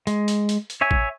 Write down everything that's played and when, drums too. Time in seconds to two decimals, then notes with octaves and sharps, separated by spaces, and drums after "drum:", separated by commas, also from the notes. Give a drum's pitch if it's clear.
0.07 G#3, drum: hi-hat
0.28 drum: hi-hat
0.49 drum: hi-hat
0.70 drum: hi-hat
0.81 C#5 E5 G#5
0.91 drum: kick